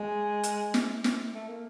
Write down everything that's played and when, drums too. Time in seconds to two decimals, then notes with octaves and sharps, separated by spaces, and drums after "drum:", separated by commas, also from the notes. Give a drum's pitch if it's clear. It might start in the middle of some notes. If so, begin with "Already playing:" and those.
Already playing: G#3
0.44 drum: hi-hat
0.74 drum: snare
1.04 drum: snare
1.35 A3
1.48 A#3